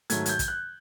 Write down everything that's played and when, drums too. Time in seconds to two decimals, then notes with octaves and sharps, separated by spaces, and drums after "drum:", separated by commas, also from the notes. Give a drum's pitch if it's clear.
0.10 G#2 D#3 F#3 A3 G#6, drum: hi-hat
0.26 G#6, drum: hi-hat
0.29 G6
0.39 drum: kick, hi-hat
0.48 F#6